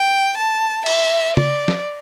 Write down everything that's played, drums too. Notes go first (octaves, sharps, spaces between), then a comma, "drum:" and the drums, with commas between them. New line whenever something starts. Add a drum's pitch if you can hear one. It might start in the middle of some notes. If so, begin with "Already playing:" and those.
Already playing: G5
A5
E5, drum: cymbal
D5, drum: tom C#3
drum: snare